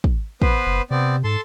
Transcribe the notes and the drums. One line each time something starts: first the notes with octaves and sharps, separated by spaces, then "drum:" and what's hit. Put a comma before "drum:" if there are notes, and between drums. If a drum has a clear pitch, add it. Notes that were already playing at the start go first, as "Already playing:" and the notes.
drum: kick
B3 B4 C5, drum: kick
F#1
C3 B3 C4 D5
G#2 A4 A5 C6